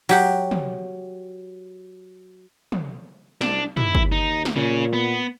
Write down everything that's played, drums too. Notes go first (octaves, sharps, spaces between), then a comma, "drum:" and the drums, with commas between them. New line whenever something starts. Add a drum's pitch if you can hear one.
F#3 G4 F#5, drum: open hi-hat
drum: tom
drum: tom
C2 D4, drum: snare
D#2 E4, drum: tom
drum: kick
D#4
drum: snare
A#2 C#3 C#4
B3